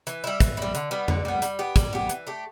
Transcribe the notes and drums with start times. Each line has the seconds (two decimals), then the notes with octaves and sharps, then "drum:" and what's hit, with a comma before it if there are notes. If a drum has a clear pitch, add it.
0.07 E3, drum: hi-hat
0.24 G3 E4
0.40 E3, drum: kick, hi-hat
0.57 G3 E4
0.75 D3, drum: hi-hat
0.91 G3 B3
1.08 D3, drum: tom F2
1.25 G3 B3
1.42 G3, drum: hi-hat
1.59 B3 G4
1.76 G3, drum: kick, hi-hat
1.93 B3 G4
2.09 E3, drum: hi-hat
2.27 A3 G4